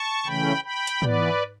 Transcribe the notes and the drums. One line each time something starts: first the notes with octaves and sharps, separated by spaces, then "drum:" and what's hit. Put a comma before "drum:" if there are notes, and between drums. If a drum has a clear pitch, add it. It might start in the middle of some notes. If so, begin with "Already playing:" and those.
Already playing: A5 C#6
C#3 E3 A3 C#4 G5 B5
G5 B5
drum: hi-hat
E3 B3 B4 D5, drum: tom